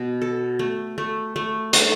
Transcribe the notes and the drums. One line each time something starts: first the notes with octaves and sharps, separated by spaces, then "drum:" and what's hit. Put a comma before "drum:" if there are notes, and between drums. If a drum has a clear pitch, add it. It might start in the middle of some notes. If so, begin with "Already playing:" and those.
Already playing: B2
A4
A3
A3
A3
A3, drum: hi-hat